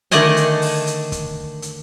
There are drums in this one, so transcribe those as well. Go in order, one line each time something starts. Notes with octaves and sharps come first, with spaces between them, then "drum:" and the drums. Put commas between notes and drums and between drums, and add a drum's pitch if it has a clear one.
D3 D#3 A3 D5 D#5 G#5, drum: hi-hat
drum: hi-hat
drum: open hi-hat
drum: hi-hat
drum: kick, hi-hat
drum: hi-hat